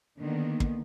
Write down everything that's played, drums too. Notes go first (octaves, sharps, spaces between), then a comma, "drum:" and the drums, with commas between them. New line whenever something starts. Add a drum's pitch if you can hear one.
D3 D#3 A#3 B3
drum: kick